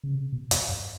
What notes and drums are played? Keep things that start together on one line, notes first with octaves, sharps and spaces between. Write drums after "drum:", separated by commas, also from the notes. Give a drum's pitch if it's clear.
C#3
C3
B2
F2, drum: hi-hat
F#2